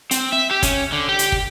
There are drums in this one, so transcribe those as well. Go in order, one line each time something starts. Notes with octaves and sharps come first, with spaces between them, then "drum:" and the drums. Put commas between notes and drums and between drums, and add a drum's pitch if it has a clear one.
C4, drum: hi-hat
E5
G4
C#4, drum: kick, hi-hat
D3
G4
drum: hi-hat
drum: kick